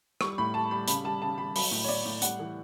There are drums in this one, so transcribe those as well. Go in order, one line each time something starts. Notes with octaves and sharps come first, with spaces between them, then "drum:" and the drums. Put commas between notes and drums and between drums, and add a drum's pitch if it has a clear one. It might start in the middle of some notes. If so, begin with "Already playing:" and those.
G3 C#6, drum: rim click
A2 B5
G3 A5
G3 B5
C#3 B5, drum: hi-hat
G3 A5
C#3 A5
G3 B5
F#3 B5, drum: open hi-hat
A2
C#5
A2 D5
A2
G3 F#5, drum: hi-hat
E3